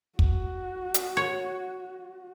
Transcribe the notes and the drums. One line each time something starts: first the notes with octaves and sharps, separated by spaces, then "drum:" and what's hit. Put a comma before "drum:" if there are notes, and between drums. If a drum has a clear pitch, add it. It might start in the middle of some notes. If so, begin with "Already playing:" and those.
F#4, drum: kick
drum: hi-hat
C#5